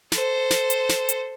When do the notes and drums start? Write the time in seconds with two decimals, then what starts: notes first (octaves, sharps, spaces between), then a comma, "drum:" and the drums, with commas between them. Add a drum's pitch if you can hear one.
0.12 A4 C5, drum: snare
0.50 drum: snare
0.70 drum: hi-hat
0.89 drum: snare
1.09 drum: hi-hat